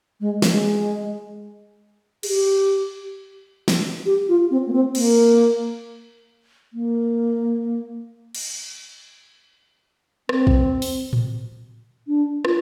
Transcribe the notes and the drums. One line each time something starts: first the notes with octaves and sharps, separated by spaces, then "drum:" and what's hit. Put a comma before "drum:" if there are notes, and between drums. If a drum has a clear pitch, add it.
G#3
A#3, drum: snare
G#3
G#4, drum: cymbal
G4
drum: snare
G4
F4
C4
A#3
C4
A#3, drum: cymbal
A#3
drum: cymbal
C4, drum: rim click
drum: kick
drum: open hi-hat
drum: tom A2
D4
F4, drum: rim click